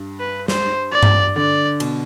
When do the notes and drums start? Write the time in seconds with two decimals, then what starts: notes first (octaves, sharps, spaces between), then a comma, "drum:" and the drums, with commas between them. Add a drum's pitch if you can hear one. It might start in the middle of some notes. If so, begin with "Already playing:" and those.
Already playing: G2
0.20 B4
0.48 C5, drum: snare
0.92 D5
1.03 drum: tom G2
1.36 D3 D5
1.80 B2, drum: cymbal